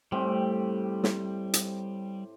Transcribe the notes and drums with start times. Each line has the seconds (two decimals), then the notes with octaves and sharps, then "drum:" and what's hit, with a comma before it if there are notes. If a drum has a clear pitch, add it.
0.12 A2 G3 C4 G4
1.04 drum: snare
1.54 drum: hi-hat